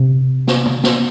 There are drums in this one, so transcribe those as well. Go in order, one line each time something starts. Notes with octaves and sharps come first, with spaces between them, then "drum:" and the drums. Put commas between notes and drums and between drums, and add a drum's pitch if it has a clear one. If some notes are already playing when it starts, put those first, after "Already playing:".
Already playing: C3
drum: snare
drum: tom
drum: snare